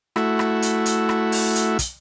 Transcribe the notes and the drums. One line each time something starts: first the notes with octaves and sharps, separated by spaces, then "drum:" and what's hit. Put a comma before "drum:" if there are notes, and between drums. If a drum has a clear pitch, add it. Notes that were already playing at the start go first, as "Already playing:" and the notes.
A3 E4 F#4, drum: rim click
drum: rim click
drum: hi-hat
drum: hi-hat
drum: rim click
drum: open hi-hat
drum: hi-hat
drum: kick, hi-hat